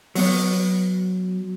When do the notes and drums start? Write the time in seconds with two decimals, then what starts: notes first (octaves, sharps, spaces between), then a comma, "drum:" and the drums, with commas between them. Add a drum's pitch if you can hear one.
0.15 F#3 B3 C#5, drum: open hi-hat